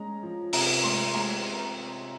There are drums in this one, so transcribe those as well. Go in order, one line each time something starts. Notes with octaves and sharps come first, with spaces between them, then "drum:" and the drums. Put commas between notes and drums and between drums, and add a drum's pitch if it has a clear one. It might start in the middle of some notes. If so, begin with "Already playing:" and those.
Already playing: G#3 C#4 A#5
F3
C3 A#5, drum: open hi-hat
G#3 C6
G#3 A#5